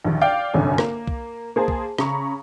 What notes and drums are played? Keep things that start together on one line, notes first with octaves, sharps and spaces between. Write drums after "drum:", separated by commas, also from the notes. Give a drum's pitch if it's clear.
A#1 D#2
D5 F5 G5 D6
G1 C2 F#2 D3 C#5 G#5
A#3, drum: rim click
drum: kick
A#3 G#4 C5 A5
drum: kick
C#3 A#5 B5 C#6, drum: rim click